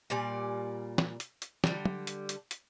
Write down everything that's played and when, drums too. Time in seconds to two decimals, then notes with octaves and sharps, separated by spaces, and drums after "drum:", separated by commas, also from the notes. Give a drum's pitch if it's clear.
0.10 A#2 G3 D5 G#5
0.98 drum: snare
1.20 drum: hi-hat
1.42 drum: hi-hat
1.64 D3 G3, drum: snare
1.85 drum: tom
2.07 drum: hi-hat
2.29 drum: hi-hat
2.51 drum: hi-hat